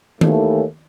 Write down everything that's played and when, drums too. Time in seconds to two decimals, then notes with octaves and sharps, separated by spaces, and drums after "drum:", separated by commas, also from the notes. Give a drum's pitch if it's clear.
0.21 D#2 E3 A3, drum: tom D#3